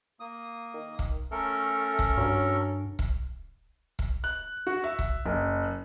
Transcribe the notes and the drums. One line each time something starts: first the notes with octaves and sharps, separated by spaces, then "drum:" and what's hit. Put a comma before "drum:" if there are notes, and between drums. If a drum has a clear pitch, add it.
A#3 D#6
D#3
drum: kick
A3 C#4 A4 A#4
drum: kick
G2 F#3
drum: kick
drum: kick
F#6
F#4
E5
drum: kick
F#1